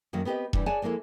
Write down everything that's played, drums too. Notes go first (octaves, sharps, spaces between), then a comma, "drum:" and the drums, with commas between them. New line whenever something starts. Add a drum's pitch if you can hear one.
F#2 D#3 F#3 A#3
B3 C4 G4 A#4 D#5
G2 E3 G3, drum: kick E1
G#4 C#5 D5 F#5 G#5 A5
F3 G#3 A#3 E4 A4